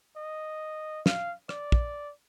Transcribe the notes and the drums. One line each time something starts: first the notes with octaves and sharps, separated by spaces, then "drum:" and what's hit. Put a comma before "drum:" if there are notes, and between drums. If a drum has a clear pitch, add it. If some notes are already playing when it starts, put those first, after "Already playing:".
D#5
F5, drum: snare
D5, drum: rim click
drum: kick